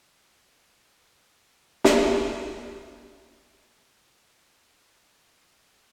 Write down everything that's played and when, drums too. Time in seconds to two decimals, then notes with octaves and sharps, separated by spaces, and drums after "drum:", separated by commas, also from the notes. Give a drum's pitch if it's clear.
0.18 C#5
0.91 C6 D6
1.84 drum: snare
5.35 C#2 F3 F#3 F4